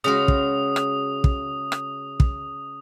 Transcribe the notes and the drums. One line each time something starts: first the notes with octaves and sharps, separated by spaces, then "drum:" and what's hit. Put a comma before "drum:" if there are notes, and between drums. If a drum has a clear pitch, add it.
C#3 G#3 F#4 D#6
drum: kick
drum: rim click
drum: kick
drum: rim click
drum: kick